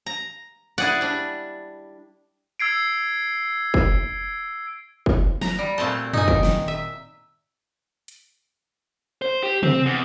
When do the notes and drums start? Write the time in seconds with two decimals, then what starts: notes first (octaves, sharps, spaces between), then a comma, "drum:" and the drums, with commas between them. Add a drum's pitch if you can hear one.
0.06 A#5
0.78 E4 G#4 D5 F#5
1.01 G3 D4
2.60 E6 G#6 C7 D7
3.74 drum: kick
5.06 drum: kick
5.41 A#5, drum: snare
5.59 G3
5.78 A#2 A3 C4 A5
6.13 D#4 G#5, drum: tom F#2
6.28 D#3, drum: kick
6.43 drum: snare
6.68 E5
8.08 drum: hi-hat
9.22 C5
9.43 G4
9.63 C4, drum: tom C3
9.85 E2